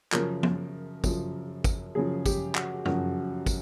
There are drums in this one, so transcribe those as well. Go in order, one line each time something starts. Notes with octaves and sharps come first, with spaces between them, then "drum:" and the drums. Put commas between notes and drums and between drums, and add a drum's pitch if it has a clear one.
F#2 C#3 F3 A#4, drum: clap
drum: tom
F#2 C#3 F3, drum: kick, tambourine
drum: kick, tambourine
F#2 C#3 F3 G#4
G4, drum: kick, tambourine
F#4, drum: clap
F#2 C#3 F3 F#4, drum: tom
drum: kick, tambourine